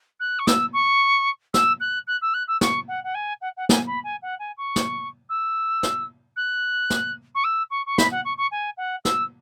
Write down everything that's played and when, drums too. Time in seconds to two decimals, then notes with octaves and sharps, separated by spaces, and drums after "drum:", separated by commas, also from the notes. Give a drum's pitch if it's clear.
0.20 F#6
0.39 C#6
0.47 E6, drum: snare
0.73 C#6
1.54 E6, drum: snare
1.80 F#6
2.07 F#6
2.22 E6
2.34 F#6
2.48 E6
2.61 C#6, drum: snare
2.88 F#5
3.04 F#5
3.15 G#5
3.42 F#5
3.57 F#5
3.69 G#5, drum: snare
3.87 B5
4.04 G#5
4.23 F#5
4.40 G#5
4.58 C#6
4.76 drum: snare
5.30 E6
5.83 drum: snare
6.37 F#6
6.90 drum: snare
7.35 C#6
7.44 E6
7.71 C#6
7.86 C#6
7.98 B5, drum: snare
8.12 F#5
8.25 C#6
8.38 C#6
8.52 G#5
8.77 F#5
9.05 E6, drum: snare